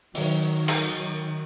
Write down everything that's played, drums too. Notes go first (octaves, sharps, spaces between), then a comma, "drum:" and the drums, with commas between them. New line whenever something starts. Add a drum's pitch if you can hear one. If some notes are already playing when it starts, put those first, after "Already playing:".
D#3 F#3, drum: open hi-hat
drum: cymbal